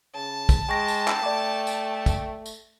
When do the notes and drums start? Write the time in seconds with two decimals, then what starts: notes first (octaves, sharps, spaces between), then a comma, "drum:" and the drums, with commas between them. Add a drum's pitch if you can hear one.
0.15 C#3 A5
0.49 drum: kick, tambourine
0.69 G#3 G5 G#5 C#6 A#6
0.88 drum: tambourine
1.08 drum: clap
1.23 A3 D5 D6
1.67 drum: tambourine
2.06 drum: kick, tambourine
2.46 drum: tambourine